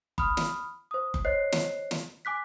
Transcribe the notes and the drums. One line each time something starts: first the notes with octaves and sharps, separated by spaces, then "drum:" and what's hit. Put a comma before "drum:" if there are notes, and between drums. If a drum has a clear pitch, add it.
B5 D#6 F6, drum: kick F#1
drum: snare
C5 D#6
drum: kick F#1
C5 C#5 D#5 F#6 C7
drum: snare
drum: snare
G#5 D6 F#6 B6